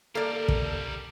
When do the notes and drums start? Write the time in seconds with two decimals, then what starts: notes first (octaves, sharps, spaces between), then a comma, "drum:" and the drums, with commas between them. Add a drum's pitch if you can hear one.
0.15 G3 A#3 A4 A#4 D5
0.48 drum: kick